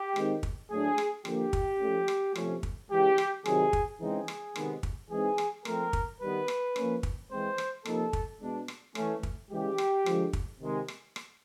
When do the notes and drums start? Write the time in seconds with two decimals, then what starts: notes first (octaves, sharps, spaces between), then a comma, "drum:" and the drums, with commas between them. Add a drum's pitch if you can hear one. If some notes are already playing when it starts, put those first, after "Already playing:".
Already playing: G4
0.16 D#3 G#3 C4 D#4, drum: rim click
0.43 drum: kick
0.70 A2 F#3 A3 D4 G#4
0.98 drum: rim click
1.25 D3 F3 A#3 G4, drum: rim click
1.53 drum: kick
1.80 F3 A3 C#4
2.08 drum: rim click
2.35 C3 F3 A3 C#4, drum: rim click
2.63 drum: kick
2.90 C#3 E3 G#3 G4
3.18 drum: rim click
3.46 C3 D#3 F#3 G#4, drum: rim click
3.73 drum: kick
4.00 C#3 E3 G#3 C4 D#4 G#4
4.28 drum: rim click
4.56 C3 D#3 G#3 B3, drum: rim click
4.83 drum: kick
5.10 E3 G#3 C4 D#4 G#4
5.38 drum: rim click
5.65 F3 A3 C4 A#4, drum: rim click
5.93 drum: kick
6.21 D#3 G3 B3 B4
6.48 drum: rim click
6.76 F3 A#3 C#4, drum: rim click
7.03 drum: kick
7.30 E3 G#3 C4 C5
7.58 drum: rim click
7.85 C3 F3 A#3 D#4 A4, drum: rim click
8.13 drum: kick
8.41 B2 G#3 B3 D4
8.68 drum: rim click
8.95 E3 A3 C#4, drum: rim click
9.23 drum: kick
9.51 C#3 E3 G#3 G4
9.78 drum: rim click
10.06 D3 F3 G#3, drum: rim click
10.33 drum: kick
10.61 C3 D#3 G#3
10.88 drum: rim click
11.16 drum: rim click